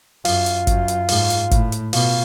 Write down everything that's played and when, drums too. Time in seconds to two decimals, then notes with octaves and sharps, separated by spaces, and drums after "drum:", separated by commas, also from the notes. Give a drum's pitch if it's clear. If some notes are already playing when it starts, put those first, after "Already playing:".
0.25 F#2 F4, drum: open hi-hat
0.46 drum: hi-hat
0.67 F#2, drum: kick G1, hi-hat
0.88 drum: hi-hat
1.09 G#2, drum: open hi-hat
1.30 drum: hi-hat
1.51 A2, drum: kick G1, hi-hat
1.72 drum: hi-hat
1.93 B2 F4, drum: open hi-hat